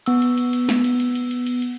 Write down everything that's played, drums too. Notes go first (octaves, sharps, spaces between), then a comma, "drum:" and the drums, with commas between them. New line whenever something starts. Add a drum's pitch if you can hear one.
B3 E6, drum: cymbal
drum: cymbal
drum: cymbal
drum: cymbal
drum: snare
drum: cymbal
drum: cymbal
drum: cymbal
drum: cymbal
drum: cymbal
drum: cymbal